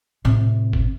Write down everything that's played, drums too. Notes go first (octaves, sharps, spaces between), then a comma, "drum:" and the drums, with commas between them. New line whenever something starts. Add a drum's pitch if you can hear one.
A2 C3
drum: kick F#1